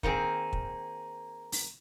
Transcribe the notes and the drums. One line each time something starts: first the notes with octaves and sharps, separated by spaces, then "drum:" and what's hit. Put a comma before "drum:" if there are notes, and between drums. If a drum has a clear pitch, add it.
D#3 A#3 C4 G#4, drum: kick
drum: kick
drum: open hi-hat